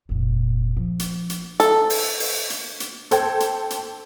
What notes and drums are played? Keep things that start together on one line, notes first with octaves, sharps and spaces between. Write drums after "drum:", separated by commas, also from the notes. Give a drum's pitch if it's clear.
F1 A#2
F3
drum: hi-hat
drum: hi-hat
A4, drum: hi-hat
drum: open hi-hat
drum: open hi-hat
drum: hi-hat
drum: hi-hat
A4 C5 G5 G#6, drum: hi-hat
drum: hi-hat
drum: hi-hat